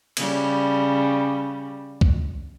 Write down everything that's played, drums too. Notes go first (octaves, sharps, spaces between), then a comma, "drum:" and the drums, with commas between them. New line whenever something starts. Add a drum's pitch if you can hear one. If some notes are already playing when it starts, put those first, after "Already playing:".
C#3 G3, drum: cymbal
drum: kick C2